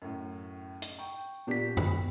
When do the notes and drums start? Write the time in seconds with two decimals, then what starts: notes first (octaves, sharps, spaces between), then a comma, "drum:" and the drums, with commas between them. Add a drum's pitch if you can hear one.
0.02 F#2 A2
0.82 drum: hi-hat
0.99 G5 C#6
1.47 A#2 B3 D4 G4 B6
1.77 B5, drum: tom F#2